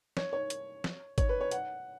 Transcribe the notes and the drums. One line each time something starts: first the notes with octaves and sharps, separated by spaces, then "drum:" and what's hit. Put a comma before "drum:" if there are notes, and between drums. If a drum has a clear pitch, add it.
C#5, drum: snare
C#5
drum: hi-hat
drum: snare
C#5, drum: kick, hi-hat
B4
C#5
F#5, drum: hi-hat